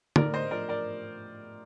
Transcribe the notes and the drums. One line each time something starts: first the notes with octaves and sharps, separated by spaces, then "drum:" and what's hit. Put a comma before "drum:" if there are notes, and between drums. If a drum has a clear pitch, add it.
A2 A#4 D5, drum: tom
C5 D#5
F3 A#4 D5
A#4 D5